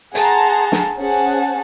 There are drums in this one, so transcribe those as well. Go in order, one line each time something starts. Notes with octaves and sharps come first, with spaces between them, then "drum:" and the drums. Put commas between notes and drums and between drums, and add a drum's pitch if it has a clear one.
G#4 F#5 A5 A#5 C6, drum: hi-hat
drum: snare
C#4 G#4 C5 F#5 A5